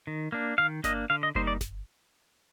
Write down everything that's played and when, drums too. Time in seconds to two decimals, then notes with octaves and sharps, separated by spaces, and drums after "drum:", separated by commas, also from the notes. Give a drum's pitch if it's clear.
0.07 D#3
0.32 A#3 D4
0.58 D#3 F5
0.84 A#3 D4 D#5, drum: snare G1
1.10 D3 F5
1.23 D#5
1.35 G3 A#3 D#4 C5, drum: kick F#1
1.47 D5
1.61 drum: snare G1